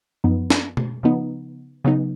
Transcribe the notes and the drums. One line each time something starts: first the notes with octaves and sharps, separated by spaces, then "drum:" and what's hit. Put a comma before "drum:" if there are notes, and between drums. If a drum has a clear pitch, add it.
F#2 F3 B3 D#4
drum: snare
drum: tom B2
C#3 F3 B3 D#4
C#3 F#3 B3 D#4